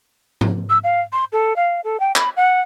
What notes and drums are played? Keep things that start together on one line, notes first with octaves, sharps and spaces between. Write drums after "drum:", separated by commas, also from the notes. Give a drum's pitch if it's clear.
drum: tom G#2
E6
F5
C6
A4
F5
A4
G5
B5, drum: clap
F#5